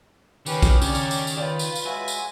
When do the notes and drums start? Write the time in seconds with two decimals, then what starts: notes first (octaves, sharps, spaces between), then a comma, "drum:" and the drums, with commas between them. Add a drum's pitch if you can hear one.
0.46 D#3 C#4 G4 B4, drum: tambourine
0.62 drum: kick, tambourine
0.82 C#3 C#5 D5, drum: tambourine
0.95 drum: tambourine
1.11 drum: tambourine
1.27 drum: tambourine
1.37 F4 B4 C#5 D5 G5
1.59 drum: tambourine
1.75 drum: tambourine
1.85 G#3 F#4 E5 G#5
2.08 drum: tambourine